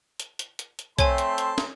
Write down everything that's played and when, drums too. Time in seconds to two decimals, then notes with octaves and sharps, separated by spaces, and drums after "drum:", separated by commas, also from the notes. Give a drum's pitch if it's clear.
0.20 drum: hi-hat
0.39 drum: hi-hat
0.59 drum: hi-hat
0.79 drum: hi-hat
0.99 A3 C4 C#5 G#5 A5 C6, drum: kick, hi-hat
1.18 drum: hi-hat
1.38 drum: hi-hat
1.58 drum: snare